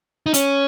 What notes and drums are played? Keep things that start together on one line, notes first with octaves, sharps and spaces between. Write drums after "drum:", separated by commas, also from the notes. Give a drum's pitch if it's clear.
D#4
C#4, drum: hi-hat